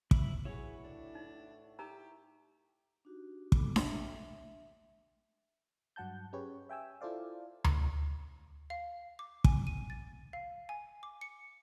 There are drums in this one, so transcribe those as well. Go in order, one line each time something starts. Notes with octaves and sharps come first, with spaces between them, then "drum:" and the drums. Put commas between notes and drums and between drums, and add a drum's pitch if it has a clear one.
C3 E4 E5 B5, drum: kick
E4 F#4 G#4 B4 C#5
A2 D4
D#4
D#4 G4 A#4 A#5
D4 D#4 F#4 G4
G#3 A#3 B3 A4 B5 D6, drum: kick
E5, drum: snare D4
G2 F#3 F#5 A5 G6
C#4 G4 G#4 B4 C#5
E5 G5 G#5 E6
E4 F4 A4 C5 D5 F5
drum: tom D2
F5
D6
G#5, drum: kick
D#7
A6
F5
G#5
D6
C#7